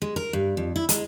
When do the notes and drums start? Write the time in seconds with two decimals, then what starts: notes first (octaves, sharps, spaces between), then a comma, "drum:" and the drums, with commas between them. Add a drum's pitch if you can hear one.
0.02 G#3
0.16 A#4
0.33 G2
0.57 F2
0.76 E4
0.89 G#3, drum: hi-hat